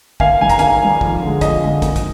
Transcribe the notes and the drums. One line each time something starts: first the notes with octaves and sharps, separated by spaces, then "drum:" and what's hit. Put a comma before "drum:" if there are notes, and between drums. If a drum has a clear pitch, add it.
D#2 F5 G#5, drum: kick
D#3 G3 G#5
A#5, drum: kick, hi-hat
D#2 F5 G#5, drum: hi-hat
D#3 G3
F2, drum: kick
D3 G#3
F2 D#5, drum: kick, hi-hat
D3 G#3
G#1, drum: kick, hi-hat
drum: kick, hi-hat